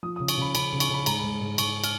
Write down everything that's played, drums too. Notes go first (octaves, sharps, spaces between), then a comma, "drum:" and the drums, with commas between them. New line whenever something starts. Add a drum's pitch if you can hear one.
F3 D#6
D#6
C#3
C#6, drum: cymbal
C#3 B5
C#3 B5, drum: cymbal
C#3
C#6, drum: cymbal
C#3 B5
G#2 A#5, drum: cymbal
G#2 B5
G#2
G#2 C#6, drum: cymbal
F6, drum: cymbal